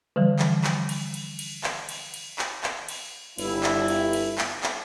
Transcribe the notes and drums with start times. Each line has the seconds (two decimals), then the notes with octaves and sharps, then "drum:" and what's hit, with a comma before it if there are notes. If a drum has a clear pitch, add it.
0.16 D3 E3 F3 G3
0.39 drum: clap
0.64 drum: clap
0.89 drum: cymbal
1.14 drum: cymbal
1.39 drum: cymbal
1.64 drum: clap
1.89 drum: cymbal
2.14 drum: cymbal
2.39 drum: clap
2.64 drum: clap
2.89 drum: cymbal
3.38 G1 E4, drum: cymbal
3.63 drum: clap
3.88 drum: cymbal
4.13 drum: cymbal
4.38 drum: clap
4.63 drum: clap